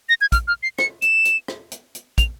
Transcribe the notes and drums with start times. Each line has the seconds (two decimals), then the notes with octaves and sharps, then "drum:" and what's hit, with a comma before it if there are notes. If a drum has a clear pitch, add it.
0.09 A#6
0.21 G#6
0.32 F6, drum: kick, hi-hat
0.48 F6
0.63 C7
0.79 C#7, drum: rim click
1.02 E7, drum: hi-hat
1.25 drum: hi-hat
1.48 drum: rim click
1.72 drum: hi-hat
1.95 drum: hi-hat
2.18 F7, drum: kick, hi-hat